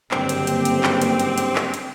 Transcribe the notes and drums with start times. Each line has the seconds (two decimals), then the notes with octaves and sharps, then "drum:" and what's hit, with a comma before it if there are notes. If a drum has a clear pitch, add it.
0.11 F#1 G2 D3 A#3 C4 G4, drum: clap
0.29 drum: hi-hat
0.47 drum: hi-hat
0.65 drum: hi-hat
0.83 drum: clap
1.01 drum: hi-hat
1.20 drum: hi-hat
1.38 drum: hi-hat
1.56 drum: clap
1.74 drum: hi-hat